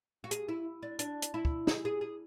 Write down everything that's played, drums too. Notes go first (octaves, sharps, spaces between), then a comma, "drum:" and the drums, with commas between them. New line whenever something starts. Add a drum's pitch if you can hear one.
F#4
G#4, drum: hi-hat
E4
D4
D4, drum: hi-hat
drum: hi-hat
E4
drum: kick
G#4, drum: snare
G#4
G#4